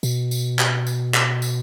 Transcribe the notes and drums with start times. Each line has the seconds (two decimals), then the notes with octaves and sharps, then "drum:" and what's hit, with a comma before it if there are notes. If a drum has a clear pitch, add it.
0.03 B2, drum: tambourine
0.31 drum: tambourine
0.59 drum: clap
0.87 drum: tambourine
1.14 drum: clap
1.42 drum: tambourine